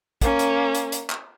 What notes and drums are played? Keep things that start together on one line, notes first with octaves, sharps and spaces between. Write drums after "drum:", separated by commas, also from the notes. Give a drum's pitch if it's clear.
A#3 C#4, drum: kick, hi-hat
drum: hi-hat
drum: hi-hat
drum: hi-hat
drum: clap